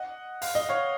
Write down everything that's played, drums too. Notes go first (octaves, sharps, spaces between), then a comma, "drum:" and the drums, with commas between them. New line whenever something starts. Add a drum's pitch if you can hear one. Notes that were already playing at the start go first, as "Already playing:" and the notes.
Already playing: D#5 F#5
F5, drum: open hi-hat
D#5
C#5 F5